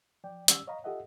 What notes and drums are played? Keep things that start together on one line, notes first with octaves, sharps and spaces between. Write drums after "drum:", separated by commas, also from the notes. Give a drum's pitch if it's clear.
F3 D5 G5
D#3 G3 C#4 D5 E6, drum: hi-hat
C#5 D#5 F5 A#5 B5
F4 G4 A4 D#5 E5 F#5